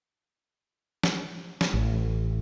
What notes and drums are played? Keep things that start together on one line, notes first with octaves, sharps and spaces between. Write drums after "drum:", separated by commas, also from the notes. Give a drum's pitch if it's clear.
drum: snare
drum: snare
A1